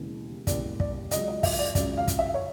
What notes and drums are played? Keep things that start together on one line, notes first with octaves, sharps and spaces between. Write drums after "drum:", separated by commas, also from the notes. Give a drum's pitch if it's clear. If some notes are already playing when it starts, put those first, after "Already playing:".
Already playing: E1 D#2 C#3 E3
E1 D#2 C#3 E3 D5, drum: kick, hi-hat
D5, drum: kick
C#2 C#3 F#3 D#5, drum: hi-hat
D#5
E5, drum: kick, open hi-hat
D5
C#2 C#3 F#3 D5, drum: kick, hi-hat
F5
drum: kick, hi-hat
E5
C#5